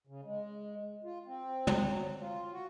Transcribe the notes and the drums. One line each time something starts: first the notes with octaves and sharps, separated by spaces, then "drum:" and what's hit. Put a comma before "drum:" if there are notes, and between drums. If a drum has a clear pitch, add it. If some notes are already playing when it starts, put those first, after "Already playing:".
C#3
G#3
F4
C4
drum: tom
F#3
F4
F#4